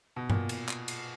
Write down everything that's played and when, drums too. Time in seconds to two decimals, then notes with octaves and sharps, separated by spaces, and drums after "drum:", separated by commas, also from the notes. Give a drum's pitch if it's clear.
0.16 B2
0.30 A#2, drum: tom G2
0.49 drum: cymbal
0.69 drum: clap
0.88 drum: cymbal